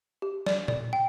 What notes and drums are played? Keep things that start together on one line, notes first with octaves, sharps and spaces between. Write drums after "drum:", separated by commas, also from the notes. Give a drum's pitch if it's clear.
G4
D5, drum: snare
D5, drum: tom A#2
G5